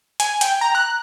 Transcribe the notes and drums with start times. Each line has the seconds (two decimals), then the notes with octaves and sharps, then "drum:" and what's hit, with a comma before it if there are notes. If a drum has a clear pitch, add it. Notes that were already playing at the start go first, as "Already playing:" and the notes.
0.20 G#5, drum: hi-hat
0.41 G5, drum: hi-hat
0.61 A#5
0.75 F#6